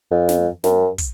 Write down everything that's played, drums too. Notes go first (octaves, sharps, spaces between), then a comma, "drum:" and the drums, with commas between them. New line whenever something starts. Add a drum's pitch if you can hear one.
F2
drum: snare
F#2, drum: snare
drum: kick, hi-hat